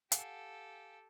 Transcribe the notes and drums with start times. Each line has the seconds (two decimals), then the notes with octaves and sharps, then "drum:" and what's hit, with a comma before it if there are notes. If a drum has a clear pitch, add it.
0.12 G4 A4 F5 F#5 G#5, drum: hi-hat